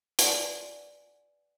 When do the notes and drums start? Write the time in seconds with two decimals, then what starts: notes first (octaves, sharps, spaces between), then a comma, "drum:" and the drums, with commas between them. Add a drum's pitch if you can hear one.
0.19 B4 D5 F#5 G#5, drum: hi-hat